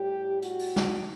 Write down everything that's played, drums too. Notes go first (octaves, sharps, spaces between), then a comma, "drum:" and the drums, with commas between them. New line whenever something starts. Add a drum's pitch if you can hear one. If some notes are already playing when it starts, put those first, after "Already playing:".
Already playing: A2 G3 G4
F#4, drum: hi-hat
drum: open hi-hat
drum: snare